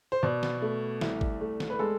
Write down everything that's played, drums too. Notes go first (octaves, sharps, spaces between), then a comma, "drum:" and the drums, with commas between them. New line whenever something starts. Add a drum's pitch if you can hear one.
C5
B2 D5
drum: snare
A3
C2, drum: snare
drum: kick G#1
A3
drum: snare
B4
G#3 A4